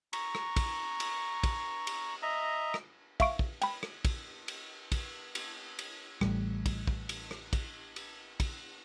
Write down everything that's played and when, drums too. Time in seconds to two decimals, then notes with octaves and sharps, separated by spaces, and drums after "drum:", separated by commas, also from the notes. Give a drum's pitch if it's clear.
0.13 A#5 C#6, drum: cymbal
0.35 drum: rim click
0.56 drum: kick, cymbal
1.00 drum: cymbal
1.43 drum: kick, cymbal
1.87 drum: cymbal
2.22 D#5 E5 A#5
2.74 drum: rim click
3.20 E5 F5 C#6 D7, drum: kick, cymbal
3.39 drum: kick
3.62 G5 B5, drum: cymbal
3.83 drum: rim click
4.05 drum: kick, cymbal
4.48 drum: cymbal
4.92 drum: kick, cymbal
5.35 drum: cymbal
5.79 drum: cymbal
6.21 A1 A2 G3, drum: rim click
6.66 drum: kick, cymbal
6.87 drum: kick
7.09 drum: cymbal
7.31 drum: rim click
7.53 drum: kick, cymbal
7.96 drum: cymbal
8.40 drum: kick, cymbal